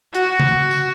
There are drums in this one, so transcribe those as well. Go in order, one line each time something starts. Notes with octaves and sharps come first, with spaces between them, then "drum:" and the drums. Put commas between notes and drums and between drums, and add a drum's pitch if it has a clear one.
F#4, drum: hi-hat
drum: tom
drum: tambourine